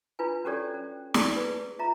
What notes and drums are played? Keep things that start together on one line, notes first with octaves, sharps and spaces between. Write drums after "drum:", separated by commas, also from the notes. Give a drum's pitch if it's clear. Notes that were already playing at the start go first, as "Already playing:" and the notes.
D4 E4 F4 B4 G#5
C#4 F#4 G4 A4 C#5 D5
C#4
E4 D5, drum: snare
G#4 B4
F4 E5 A#5